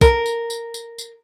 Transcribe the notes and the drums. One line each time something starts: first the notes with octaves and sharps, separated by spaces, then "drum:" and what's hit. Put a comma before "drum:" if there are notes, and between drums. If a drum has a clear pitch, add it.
A#4, drum: kick, tambourine
drum: tambourine
drum: tambourine
drum: tambourine
drum: tambourine